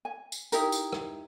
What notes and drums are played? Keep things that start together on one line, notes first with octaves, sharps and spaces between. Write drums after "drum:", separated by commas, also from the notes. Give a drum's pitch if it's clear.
G#5
drum: tambourine
D#4 E4 G4 A#4, drum: tambourine
drum: tambourine
drum: rim click